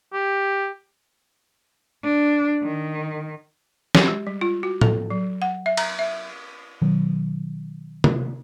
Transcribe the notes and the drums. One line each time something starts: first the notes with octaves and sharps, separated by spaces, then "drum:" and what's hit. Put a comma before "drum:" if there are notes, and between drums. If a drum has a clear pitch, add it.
G4
D4
D#3
G4, drum: snare
G#3
G3
F4
F#4
A4, drum: tom
F#3
F#5
E5
A#5, drum: cymbal
E5
B2 D#3 F#3
drum: tom C3